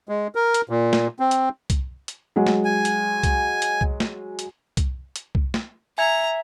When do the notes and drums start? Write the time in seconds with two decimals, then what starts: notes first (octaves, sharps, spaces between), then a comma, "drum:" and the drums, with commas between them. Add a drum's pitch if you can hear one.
0.09 G#3
0.35 A#4
0.54 drum: hi-hat
0.69 A#2
0.93 drum: snare
1.20 C4
1.31 drum: hi-hat
1.70 drum: kick C2, hi-hat
2.08 drum: hi-hat
2.36 F#3 G#3
2.47 drum: snare
2.65 G#5
2.85 drum: hi-hat
3.23 drum: kick C2, hi-hat
3.62 drum: hi-hat
3.81 drum: kick C2
4.00 drum: snare
4.39 drum: hi-hat
4.77 drum: kick C2, hi-hat
5.16 drum: hi-hat
5.35 drum: kick C2
5.54 drum: snare
5.98 E5 G#5 A#5 G#6